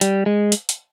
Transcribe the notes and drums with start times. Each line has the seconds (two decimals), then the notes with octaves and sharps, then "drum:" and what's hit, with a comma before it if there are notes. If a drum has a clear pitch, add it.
0.01 G3, drum: hi-hat
0.26 G#3
0.52 drum: hi-hat
0.69 drum: hi-hat